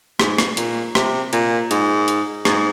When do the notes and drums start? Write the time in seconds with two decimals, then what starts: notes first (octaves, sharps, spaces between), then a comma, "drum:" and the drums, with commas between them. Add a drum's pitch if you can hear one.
0.19 G#2, drum: rim click
0.38 drum: rim click
0.57 A#2, drum: hi-hat
0.95 C3, drum: rim click
1.33 A#2, drum: hi-hat
1.71 G#2, drum: hi-hat
2.08 drum: hi-hat
2.45 G#2, drum: rim click